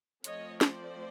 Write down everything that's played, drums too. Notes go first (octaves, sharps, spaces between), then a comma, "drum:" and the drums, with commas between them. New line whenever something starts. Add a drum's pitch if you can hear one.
F3 A3 C4 C#5 D#5, drum: hi-hat
C5 D5, drum: snare